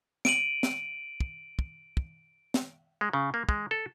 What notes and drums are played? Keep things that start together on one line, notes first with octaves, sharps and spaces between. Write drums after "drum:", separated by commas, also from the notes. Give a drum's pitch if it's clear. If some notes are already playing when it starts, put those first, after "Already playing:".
D7 D#7 F#7, drum: snare
drum: snare
drum: kick
drum: kick
drum: kick
drum: snare
G#3
C#3
A#3
G#3, drum: kick
A4